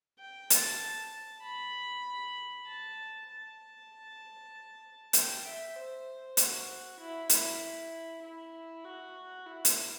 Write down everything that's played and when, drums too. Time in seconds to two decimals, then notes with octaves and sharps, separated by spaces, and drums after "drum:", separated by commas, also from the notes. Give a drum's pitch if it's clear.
0.19 G5
0.50 A5, drum: hi-hat
1.43 B5
2.67 A5
3.28 A5
5.13 G5, drum: hi-hat
5.44 E5
5.75 C5
6.37 F#4, drum: hi-hat
6.99 E4
7.29 E4, drum: hi-hat
8.22 E4
8.84 F#4
9.46 E4
9.65 drum: hi-hat